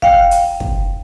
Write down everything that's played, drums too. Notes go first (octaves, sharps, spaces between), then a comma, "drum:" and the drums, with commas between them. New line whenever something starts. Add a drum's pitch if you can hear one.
F5 G5, drum: kick
drum: hi-hat
drum: kick